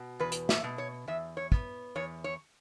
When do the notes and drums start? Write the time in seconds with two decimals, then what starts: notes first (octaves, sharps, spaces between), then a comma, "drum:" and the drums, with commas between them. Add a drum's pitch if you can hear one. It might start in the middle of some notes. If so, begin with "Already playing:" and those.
Already playing: B2
0.20 E2 B4
0.32 drum: hi-hat
0.49 E5, drum: snare
0.64 B2
0.78 C#5
1.07 E2 E5
1.37 C#5
1.52 B3, drum: kick
1.95 E2 C#5
2.24 C#5